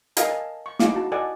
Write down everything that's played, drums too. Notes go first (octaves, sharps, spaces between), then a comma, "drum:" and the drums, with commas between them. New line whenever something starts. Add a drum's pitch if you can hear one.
A4 A#4 D#5 F5 G#5 A#5, drum: hi-hat
G#5 A5
C#6
D#4 E4 G#4 F5 D6, drum: snare
F#4 A5
A4 D5 D#5 F#5 G#5